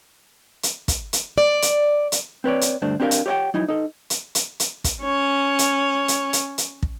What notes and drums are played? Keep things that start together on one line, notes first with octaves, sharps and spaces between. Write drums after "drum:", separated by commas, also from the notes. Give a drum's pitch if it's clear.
drum: hi-hat
drum: kick, hi-hat
drum: hi-hat
D5
drum: hi-hat
drum: hi-hat
C4 B4 C#5 D5
drum: hi-hat
D2 G2 A3 D4 C5
C4 D4 G4 A#4 F5
drum: hi-hat
G4 C#5 D5 F#5 G5
F#3 D#4 E4
D#4 A4
drum: hi-hat
drum: hi-hat
drum: hi-hat
drum: kick, hi-hat
C#4 C#5
drum: hi-hat
drum: hi-hat
drum: hi-hat
drum: hi-hat
drum: kick